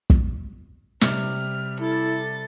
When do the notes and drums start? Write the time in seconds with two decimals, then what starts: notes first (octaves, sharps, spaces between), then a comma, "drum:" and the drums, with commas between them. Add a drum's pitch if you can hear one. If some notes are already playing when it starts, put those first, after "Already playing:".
0.10 drum: kick
1.01 C3 G3 F6, drum: snare
1.81 E4 A4 A6